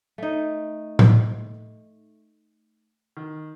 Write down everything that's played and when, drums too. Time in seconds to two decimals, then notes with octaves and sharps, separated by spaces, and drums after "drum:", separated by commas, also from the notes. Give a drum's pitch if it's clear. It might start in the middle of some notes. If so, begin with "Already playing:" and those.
0.18 A3 D#4
0.99 drum: tom A2
3.17 D#3